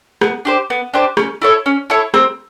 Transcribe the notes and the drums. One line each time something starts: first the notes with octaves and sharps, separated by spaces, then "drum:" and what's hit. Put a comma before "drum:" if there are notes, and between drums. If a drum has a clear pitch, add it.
B3, drum: rim click
D4 G4 C5
B3
D4 G4 C5
C#4, drum: rim click
E4 A4 C#5
C#4
E4 A4 C#5
C4, drum: rim click